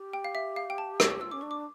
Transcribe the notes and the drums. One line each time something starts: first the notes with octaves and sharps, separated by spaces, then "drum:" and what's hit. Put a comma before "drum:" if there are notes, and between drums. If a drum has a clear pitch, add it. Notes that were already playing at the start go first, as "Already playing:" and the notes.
Already playing: G4
G5
F5
E5
F5
G5
A5
E6, drum: rim click
F4 E6
C#4 D6
D4 C#6
D6